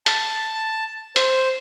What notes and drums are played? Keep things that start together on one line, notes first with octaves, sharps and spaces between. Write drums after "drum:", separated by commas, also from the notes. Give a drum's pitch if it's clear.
A5, drum: hi-hat
C5, drum: hi-hat